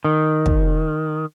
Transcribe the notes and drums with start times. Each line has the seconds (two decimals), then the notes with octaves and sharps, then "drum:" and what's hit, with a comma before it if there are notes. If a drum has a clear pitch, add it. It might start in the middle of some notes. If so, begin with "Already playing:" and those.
0.04 D#3
0.46 drum: kick